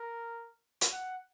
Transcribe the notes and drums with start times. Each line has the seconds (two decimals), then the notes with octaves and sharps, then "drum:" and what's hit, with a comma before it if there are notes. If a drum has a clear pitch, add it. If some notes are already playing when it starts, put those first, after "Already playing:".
Already playing: A#4
0.81 drum: hi-hat
0.92 F#5